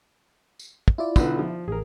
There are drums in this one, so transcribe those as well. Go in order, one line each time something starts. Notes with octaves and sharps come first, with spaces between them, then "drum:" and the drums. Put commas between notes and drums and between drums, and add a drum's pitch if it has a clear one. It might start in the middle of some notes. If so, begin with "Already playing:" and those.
drum: tambourine
drum: kick
E4 F4 D5
B1 D3 B4, drum: kick, tambourine
F3
A1 G#4 A#4